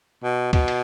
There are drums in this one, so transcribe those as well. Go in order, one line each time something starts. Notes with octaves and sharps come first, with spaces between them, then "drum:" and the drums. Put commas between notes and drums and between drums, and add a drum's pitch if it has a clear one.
B2
B2, drum: kick, cymbal
drum: cymbal